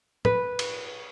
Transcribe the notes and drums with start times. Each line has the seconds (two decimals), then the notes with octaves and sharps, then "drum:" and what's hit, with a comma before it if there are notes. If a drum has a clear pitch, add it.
0.25 B4, drum: tom
0.59 drum: cymbal